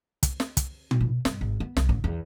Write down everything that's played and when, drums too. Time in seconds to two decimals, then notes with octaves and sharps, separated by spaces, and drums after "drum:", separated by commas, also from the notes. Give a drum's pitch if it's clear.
0.23 drum: kick, hi-hat
0.40 drum: snare
0.57 drum: kick, hi-hat
0.91 drum: tom A#2
1.00 B2
1.25 G2, drum: snare
1.41 G#1
1.60 B3
1.77 C2, drum: snare
1.89 A1
2.04 E2